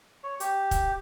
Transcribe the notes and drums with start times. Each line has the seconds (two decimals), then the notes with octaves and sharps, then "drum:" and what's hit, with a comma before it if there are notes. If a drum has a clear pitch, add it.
0.23 C#5
0.40 G4, drum: hi-hat
0.71 drum: kick, hi-hat